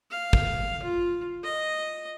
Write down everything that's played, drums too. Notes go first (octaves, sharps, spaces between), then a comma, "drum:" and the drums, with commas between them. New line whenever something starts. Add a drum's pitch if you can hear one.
F5
drum: kick
F4
D#5